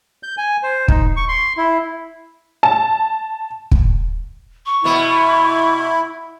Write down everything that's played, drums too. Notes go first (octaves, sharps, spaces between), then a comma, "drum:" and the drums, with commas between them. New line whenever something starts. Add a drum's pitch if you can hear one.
G6
G#5
C5
D#4, drum: kick
C#6
C6
E4
A5
drum: kick
C#6
B2 B3 E4